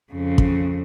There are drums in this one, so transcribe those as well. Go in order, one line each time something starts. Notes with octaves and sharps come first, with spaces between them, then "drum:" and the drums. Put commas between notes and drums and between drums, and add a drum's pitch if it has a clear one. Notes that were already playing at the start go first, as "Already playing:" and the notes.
F2 C#3
drum: kick